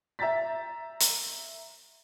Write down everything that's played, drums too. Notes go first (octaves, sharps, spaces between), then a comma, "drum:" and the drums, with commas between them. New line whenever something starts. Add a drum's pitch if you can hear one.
E5 A#5 G6 A6 B6
drum: hi-hat